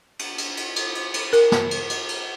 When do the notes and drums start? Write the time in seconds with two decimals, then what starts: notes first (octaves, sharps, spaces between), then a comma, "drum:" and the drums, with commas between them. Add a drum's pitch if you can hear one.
0.19 drum: cymbal
0.38 drum: cymbal
0.57 drum: cymbal
0.76 drum: cymbal
0.95 drum: cymbal
1.14 drum: cymbal
1.33 A#4, drum: cymbal
1.52 drum: snare
1.71 drum: cymbal
1.90 drum: cymbal
2.09 drum: cymbal